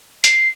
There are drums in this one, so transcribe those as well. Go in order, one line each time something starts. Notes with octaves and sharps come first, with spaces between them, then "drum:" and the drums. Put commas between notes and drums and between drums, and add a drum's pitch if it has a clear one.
C7, drum: hi-hat